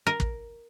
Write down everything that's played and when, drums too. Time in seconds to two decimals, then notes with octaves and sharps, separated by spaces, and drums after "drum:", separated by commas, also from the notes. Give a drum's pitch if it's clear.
0.07 A#4
0.20 drum: kick